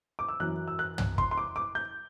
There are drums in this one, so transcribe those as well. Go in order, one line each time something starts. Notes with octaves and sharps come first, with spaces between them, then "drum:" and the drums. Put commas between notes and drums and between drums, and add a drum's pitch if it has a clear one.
D6
E6
F#2 E3 F#6
E6
F#6
drum: tom
C6, drum: kick
C6
D6
D6
G6